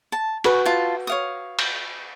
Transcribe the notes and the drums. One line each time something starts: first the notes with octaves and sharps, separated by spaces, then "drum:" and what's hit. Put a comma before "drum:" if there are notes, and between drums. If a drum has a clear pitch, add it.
A5
F#4 B4 G#5 C#6, drum: cymbal
F4 A5
C#5 F5 D#6
drum: cymbal